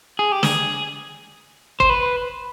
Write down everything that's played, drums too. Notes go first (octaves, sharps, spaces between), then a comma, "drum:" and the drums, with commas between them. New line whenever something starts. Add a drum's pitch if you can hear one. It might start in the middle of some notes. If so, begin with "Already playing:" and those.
G#4
G4
G#4, drum: snare
C5, drum: kick
B4